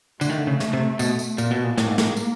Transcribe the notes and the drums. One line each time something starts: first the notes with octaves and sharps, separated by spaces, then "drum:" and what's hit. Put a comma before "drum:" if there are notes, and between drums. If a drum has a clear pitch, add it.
D3 A3, drum: tambourine
D#3
D3
C#3
drum: snare
C3
B2, drum: tambourine
drum: tambourine
A#2, drum: tambourine
B2
A#2
A2 A#3, drum: snare
G#2
A2, drum: snare
drum: tambourine